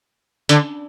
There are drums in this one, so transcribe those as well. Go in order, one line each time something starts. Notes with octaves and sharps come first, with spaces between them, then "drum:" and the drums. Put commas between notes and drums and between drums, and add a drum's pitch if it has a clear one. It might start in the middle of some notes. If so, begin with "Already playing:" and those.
D3, drum: hi-hat